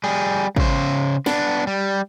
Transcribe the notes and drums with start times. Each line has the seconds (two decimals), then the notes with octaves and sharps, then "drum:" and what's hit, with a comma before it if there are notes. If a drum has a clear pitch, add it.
0.04 G3 G#4
0.56 C#3 C5, drum: kick
1.26 B3 D4, drum: snare
1.67 G3